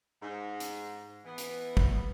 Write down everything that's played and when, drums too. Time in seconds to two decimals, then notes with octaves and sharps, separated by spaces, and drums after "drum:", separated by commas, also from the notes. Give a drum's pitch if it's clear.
0.22 G#2
0.60 drum: hi-hat
1.25 E3 B3
1.38 drum: hi-hat
1.77 drum: kick